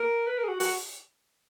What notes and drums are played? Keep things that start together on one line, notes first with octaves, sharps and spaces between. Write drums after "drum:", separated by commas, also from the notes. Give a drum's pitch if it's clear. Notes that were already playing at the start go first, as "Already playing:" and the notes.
Already playing: A#4
B4
A#4
G#4
F#4
F#4, drum: open hi-hat